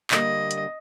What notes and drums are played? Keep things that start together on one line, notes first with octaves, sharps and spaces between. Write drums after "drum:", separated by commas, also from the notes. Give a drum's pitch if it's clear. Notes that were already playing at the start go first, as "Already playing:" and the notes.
D3 G3 A#3 D#5, drum: clap
drum: hi-hat